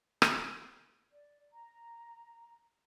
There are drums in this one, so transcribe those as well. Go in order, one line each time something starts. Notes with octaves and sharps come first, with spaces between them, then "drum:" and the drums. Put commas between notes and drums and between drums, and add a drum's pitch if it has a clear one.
drum: rim click
D5
A#5